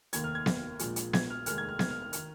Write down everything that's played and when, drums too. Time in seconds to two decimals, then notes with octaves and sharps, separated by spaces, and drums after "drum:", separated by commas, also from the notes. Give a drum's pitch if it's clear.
0.13 F1 D#2 D#3 A#3 G#6, drum: hi-hat
0.24 F6
0.35 G#6
0.46 drum: snare B3
0.79 A#1 A#2 F3 G#3, drum: hi-hat
0.96 drum: hi-hat
1.13 G#6, drum: snare B3
1.30 F6
1.46 F1 D#2 D#3 G#3 F6, drum: hi-hat
1.58 G#6
1.69 F6
1.79 G#6, drum: snare B3
1.90 F6
2.02 F6
2.13 D#3, drum: hi-hat